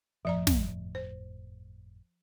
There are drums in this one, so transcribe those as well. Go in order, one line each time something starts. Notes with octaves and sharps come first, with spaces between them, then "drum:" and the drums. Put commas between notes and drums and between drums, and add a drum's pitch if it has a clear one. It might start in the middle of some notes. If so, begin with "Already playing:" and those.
G1 F2 A2 F3 D5 A#5
drum: snare
C5